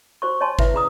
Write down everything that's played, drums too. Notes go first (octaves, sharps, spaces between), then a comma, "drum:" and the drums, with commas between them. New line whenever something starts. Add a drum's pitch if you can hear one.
F#4 C5 C#6
C#5 D#5 G#5 A5 C6
E4 B4 E5, drum: kick
C#4 G#4 D5 A#5 D6 D#6